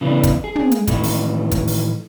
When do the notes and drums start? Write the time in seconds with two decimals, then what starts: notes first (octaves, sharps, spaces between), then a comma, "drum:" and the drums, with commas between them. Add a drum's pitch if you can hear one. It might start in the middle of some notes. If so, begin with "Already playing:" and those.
0.01 C#3 E3 B3 D4
0.23 drum: kick, hi-hat
0.44 G#4
0.55 drum: tom
0.71 drum: hi-hat
0.87 A2 D#3 E3 A3, drum: kick, hi-hat
1.03 drum: open hi-hat
1.51 drum: kick, hi-hat
1.67 drum: open hi-hat